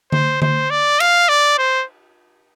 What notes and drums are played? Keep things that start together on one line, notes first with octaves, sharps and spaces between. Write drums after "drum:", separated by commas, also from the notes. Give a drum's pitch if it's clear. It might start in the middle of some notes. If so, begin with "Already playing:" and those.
C5, drum: tom D3
C5, drum: tom D3
D5
F5, drum: cymbal
D5
C5